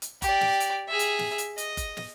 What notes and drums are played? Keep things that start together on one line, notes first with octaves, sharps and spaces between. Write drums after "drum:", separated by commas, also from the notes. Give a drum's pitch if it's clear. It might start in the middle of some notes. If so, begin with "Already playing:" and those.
drum: hi-hat
G4 D5, drum: kick F#1, hi-hat
drum: snare
drum: hi-hat
G#4 E5
drum: hi-hat
drum: snare
drum: hi-hat
D#5, drum: hi-hat
drum: kick F#1, hi-hat
drum: snare